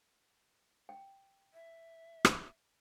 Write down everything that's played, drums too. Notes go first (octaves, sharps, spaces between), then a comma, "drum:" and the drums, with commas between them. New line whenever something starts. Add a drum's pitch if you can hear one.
G5
E5
drum: rim click